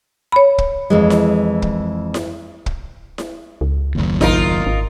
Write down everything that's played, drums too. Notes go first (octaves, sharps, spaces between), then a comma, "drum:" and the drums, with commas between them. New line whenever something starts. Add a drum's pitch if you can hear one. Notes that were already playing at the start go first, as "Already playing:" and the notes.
C#5 B5
drum: kick
F2 E3 G#3
drum: snare E4
drum: kick
drum: snare E4
drum: kick
drum: snare E4
C#2
F#1 D#2
A1 D#4 F4 A#4, drum: snare E4
G#1